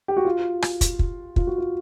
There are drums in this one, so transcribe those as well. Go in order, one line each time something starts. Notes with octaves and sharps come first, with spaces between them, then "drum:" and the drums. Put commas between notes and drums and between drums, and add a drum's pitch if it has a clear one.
G4
F#4
F4
drum: rim click
drum: kick, hi-hat
drum: kick
F4, drum: kick
F#4
F4